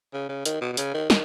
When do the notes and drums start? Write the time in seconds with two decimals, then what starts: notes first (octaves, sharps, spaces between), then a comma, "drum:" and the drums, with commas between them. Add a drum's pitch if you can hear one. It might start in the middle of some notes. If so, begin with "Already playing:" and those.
0.13 C#3
0.29 C#3
0.46 D#3, drum: hi-hat
0.61 B2
0.73 B2
0.77 C#3, drum: hi-hat
0.94 D#3
1.10 D#3, drum: snare